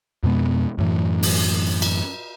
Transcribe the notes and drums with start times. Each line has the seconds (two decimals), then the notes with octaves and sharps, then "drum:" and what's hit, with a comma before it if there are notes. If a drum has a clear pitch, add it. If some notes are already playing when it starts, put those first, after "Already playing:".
0.23 F2 B2 G#3 B3
0.78 F#2 A2 E3
1.23 drum: open hi-hat
1.82 drum: cymbal